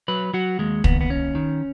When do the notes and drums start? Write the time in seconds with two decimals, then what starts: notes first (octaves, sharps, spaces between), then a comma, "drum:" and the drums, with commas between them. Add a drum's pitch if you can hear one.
0.08 F#3 B4
0.34 F#3 F#4
0.59 D#2 G#3
0.84 D#2 B3, drum: kick
1.01 B3
1.10 D#2 C#4
1.35 D#3